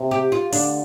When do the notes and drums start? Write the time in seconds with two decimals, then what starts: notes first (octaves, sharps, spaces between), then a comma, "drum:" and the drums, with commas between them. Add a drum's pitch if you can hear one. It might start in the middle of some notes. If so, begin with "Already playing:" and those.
Already playing: C3
0.11 G4
0.32 F4
0.52 D3 D4, drum: open hi-hat